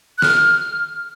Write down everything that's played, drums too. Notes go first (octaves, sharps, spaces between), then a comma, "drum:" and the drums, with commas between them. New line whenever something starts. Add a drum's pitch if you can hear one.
F#6
F6, drum: snare